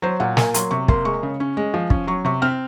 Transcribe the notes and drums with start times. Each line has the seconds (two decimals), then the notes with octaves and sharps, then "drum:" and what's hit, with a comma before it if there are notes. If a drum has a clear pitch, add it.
0.02 F#3 C5
0.20 A#2 F#5
0.37 A#3 G#5, drum: snare
0.54 F#3 C6, drum: hi-hat
0.71 C3 C#6
0.88 A#3 C6, drum: kick
1.05 G#3 C#6
1.23 C#3
1.40 C#4
1.57 G#3
1.74 F3
1.90 C#4, drum: kick
2.07 F#3 C#6
2.25 C3 C#6
2.42 C4 F6